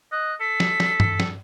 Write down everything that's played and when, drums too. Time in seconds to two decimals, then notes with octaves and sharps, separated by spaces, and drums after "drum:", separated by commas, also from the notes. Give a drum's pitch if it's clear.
0.12 D#5 F#6
0.40 A4 B6
0.60 drum: snare
0.80 drum: snare
1.00 drum: tom G2
1.20 drum: snare